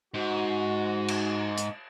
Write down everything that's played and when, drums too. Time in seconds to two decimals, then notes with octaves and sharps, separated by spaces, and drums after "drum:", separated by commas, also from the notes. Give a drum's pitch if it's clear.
0.14 G#2 F#4
1.08 drum: cymbal
1.57 drum: hi-hat